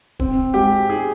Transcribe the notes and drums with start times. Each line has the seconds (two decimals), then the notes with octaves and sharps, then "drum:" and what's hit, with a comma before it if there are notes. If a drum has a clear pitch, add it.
0.19 C4, drum: kick D#1
0.54 G#3 G4
0.89 D#4 G#4